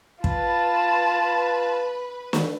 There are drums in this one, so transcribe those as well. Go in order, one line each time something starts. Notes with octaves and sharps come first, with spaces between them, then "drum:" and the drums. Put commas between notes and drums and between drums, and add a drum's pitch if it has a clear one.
F4 B4 A5, drum: kick
drum: snare